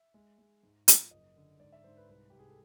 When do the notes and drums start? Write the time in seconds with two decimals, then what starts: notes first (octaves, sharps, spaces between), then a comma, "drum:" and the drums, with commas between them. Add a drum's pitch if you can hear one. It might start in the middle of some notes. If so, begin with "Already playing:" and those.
Already playing: E5
0.14 G#3
0.38 G#3
0.63 G#2
0.88 F3, drum: hi-hat
1.11 F#1 D#5
1.36 D3
1.60 G#2 D5
1.72 E5
1.84 G#2 C5
1.97 B4
2.09 C2 B4
2.30 C2 G4
2.39 G#4
2.48 A4